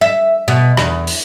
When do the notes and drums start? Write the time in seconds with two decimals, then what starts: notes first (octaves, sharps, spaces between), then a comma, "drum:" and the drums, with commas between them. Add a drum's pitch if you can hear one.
0.01 E5
0.48 B2
0.77 E2, drum: rim click
1.07 drum: open hi-hat